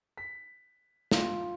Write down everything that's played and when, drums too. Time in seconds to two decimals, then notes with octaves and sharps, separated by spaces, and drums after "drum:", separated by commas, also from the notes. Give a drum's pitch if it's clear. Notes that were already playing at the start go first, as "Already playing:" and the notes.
0.17 B6
1.11 F4, drum: snare